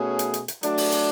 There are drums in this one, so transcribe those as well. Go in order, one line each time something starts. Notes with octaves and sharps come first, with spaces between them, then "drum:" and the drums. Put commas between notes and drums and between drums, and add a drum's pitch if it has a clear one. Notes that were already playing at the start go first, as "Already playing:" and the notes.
Already playing: B2 A3 C#4 G#4
drum: hi-hat
drum: hi-hat
drum: hi-hat
F#3 A3 D4, drum: hi-hat
drum: open hi-hat
drum: hi-hat